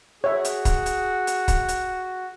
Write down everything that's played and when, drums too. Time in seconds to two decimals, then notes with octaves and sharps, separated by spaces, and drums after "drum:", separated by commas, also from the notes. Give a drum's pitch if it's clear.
0.24 F#4 G#4 C#5 E5
0.45 drum: hi-hat
0.65 drum: kick, hi-hat
0.86 drum: hi-hat
1.27 drum: hi-hat
1.48 drum: kick, hi-hat
1.68 drum: hi-hat